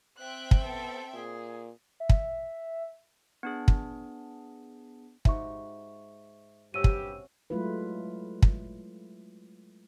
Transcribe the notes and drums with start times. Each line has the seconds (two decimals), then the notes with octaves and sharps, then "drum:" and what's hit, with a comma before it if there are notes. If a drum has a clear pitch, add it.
0.18 C4 E5 G5 F#6
0.51 drum: kick
0.64 B3 A4
1.14 A#2 G#4
2.00 E5
2.09 drum: kick
3.43 B3 D4 G#4
3.68 drum: kick
5.25 G#2 F#4 G4 E5 C#6, drum: kick
6.74 G2 C3 C#4 F#4 G4 E6 D#7
6.84 drum: kick
7.50 F#3 G#3 A3 E4 F4 B4
8.42 drum: kick